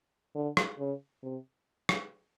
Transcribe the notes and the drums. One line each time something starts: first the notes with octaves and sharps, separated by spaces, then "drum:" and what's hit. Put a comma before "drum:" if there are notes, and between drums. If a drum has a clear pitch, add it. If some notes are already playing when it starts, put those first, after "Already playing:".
D3
drum: rim click
C#3
C3
drum: rim click